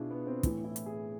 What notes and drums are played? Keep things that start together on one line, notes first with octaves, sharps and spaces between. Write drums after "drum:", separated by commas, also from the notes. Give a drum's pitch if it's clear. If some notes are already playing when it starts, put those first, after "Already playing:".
Already playing: B2 D4 E4 F4 G#4
B3
C4
A2 E3, drum: kick, hi-hat
E4
drum: hi-hat
G#4